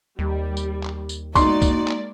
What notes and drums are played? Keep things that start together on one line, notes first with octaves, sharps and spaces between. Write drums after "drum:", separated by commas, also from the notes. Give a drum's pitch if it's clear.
D#2 G3
drum: tambourine
drum: clap
drum: tambourine
G#3 A#3 D#4 F#4 D5 C6, drum: kick, tambourine
drum: kick, tambourine
drum: clap